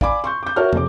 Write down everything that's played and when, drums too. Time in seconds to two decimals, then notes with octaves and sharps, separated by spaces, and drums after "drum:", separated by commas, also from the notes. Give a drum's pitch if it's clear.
0.01 D5 F5 G#5 B5 D6, drum: kick
0.24 C6 C#6 G6
0.43 D6 G6
0.56 F#4 A#4 C#5 E5 A5 F6
0.73 F1 G#4 D#5 D6, drum: tom